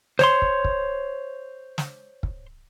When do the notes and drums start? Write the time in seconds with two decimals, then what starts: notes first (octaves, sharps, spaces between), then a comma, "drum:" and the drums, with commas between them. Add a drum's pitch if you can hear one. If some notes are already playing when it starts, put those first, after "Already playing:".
0.19 C5 C#5 C6, drum: snare
0.42 drum: kick
0.64 drum: kick
1.78 drum: snare
2.23 drum: kick